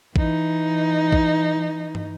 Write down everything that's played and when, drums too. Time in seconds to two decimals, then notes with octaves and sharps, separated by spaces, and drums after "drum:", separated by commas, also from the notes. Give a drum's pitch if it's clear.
0.16 E3 D#4, drum: kick A1
1.12 drum: kick A1
1.95 drum: tom